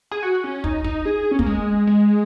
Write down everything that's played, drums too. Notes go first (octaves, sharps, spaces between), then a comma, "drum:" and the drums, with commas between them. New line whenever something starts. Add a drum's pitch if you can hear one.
G#4
F#4
C#4
D#4, drum: kick
D#4, drum: kick
G#4
C#4
A#3, drum: kick
G#3
G#3